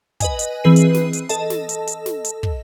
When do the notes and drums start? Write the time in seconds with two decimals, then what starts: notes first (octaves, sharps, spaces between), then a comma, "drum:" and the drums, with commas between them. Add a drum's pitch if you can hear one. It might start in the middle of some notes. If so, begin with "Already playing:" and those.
0.20 B4 D#5 G#5, drum: kick, hi-hat
0.39 drum: hi-hat
0.64 E3 C4 G#4 B4 C7 D#7
0.76 drum: hi-hat
0.95 drum: snare
1.13 drum: hi-hat
1.29 A4 D#5 A5, drum: hi-hat
1.50 drum: snare
1.69 drum: hi-hat
1.87 drum: hi-hat
2.06 drum: snare
2.25 drum: hi-hat
2.43 drum: kick